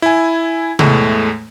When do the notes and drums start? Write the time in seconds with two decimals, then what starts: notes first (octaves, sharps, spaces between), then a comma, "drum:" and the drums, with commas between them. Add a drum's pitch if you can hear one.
0.02 E4 G#5
0.79 E2 A2 G#3 A3, drum: tom C3